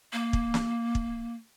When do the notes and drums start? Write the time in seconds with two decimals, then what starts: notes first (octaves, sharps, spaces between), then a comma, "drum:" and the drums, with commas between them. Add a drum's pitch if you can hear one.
0.13 A#3
0.33 drum: kick
0.54 drum: snare
0.95 drum: kick